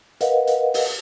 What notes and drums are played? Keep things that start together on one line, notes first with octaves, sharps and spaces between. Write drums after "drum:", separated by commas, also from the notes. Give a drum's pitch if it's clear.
A#4 B4 D#5 F5 F#5, drum: hi-hat
drum: hi-hat
drum: open hi-hat